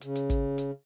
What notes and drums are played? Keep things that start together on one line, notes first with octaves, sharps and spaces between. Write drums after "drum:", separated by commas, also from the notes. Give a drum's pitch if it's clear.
C#3, drum: hi-hat
drum: hi-hat
drum: kick, hi-hat
drum: hi-hat